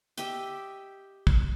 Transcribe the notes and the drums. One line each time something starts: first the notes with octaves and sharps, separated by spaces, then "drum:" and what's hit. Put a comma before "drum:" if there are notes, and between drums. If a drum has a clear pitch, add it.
G4 D#5 E5 G5, drum: hi-hat
drum: kick